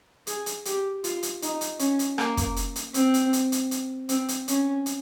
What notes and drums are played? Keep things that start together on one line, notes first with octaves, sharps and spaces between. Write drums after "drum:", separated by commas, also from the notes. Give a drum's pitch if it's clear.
G#4, drum: hi-hat
drum: hi-hat
G4, drum: hi-hat
F4, drum: hi-hat
drum: hi-hat
D#4, drum: hi-hat
drum: hi-hat
C#4, drum: hi-hat
drum: hi-hat
A#3, drum: rim click
drum: kick, hi-hat
drum: hi-hat
drum: hi-hat
C4, drum: hi-hat
drum: hi-hat
drum: hi-hat
drum: hi-hat
drum: hi-hat
C4, drum: hi-hat
drum: hi-hat
C#4, drum: hi-hat
drum: hi-hat